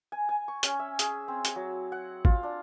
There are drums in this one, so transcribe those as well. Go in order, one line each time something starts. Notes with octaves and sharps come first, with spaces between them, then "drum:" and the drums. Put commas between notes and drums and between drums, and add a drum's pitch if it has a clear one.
G#5
G#5
C#6
C#4, drum: hi-hat
E5
G#4, drum: hi-hat
C4
drum: hi-hat
F#3
F#5
F4, drum: kick G#1
D4